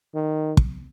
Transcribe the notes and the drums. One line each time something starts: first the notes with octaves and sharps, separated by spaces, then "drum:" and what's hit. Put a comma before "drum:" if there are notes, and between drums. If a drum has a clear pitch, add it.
D#3
drum: kick